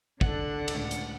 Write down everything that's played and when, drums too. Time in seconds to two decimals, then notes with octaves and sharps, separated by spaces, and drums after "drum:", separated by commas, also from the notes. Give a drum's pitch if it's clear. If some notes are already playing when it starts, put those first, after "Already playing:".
0.21 D3 D4 A4 F#5, drum: kick
0.68 C#2 A2, drum: cymbal
0.91 drum: hi-hat